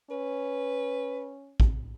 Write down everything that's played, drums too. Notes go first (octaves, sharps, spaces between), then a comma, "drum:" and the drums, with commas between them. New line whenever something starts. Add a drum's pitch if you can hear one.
C#4 B4
drum: kick A1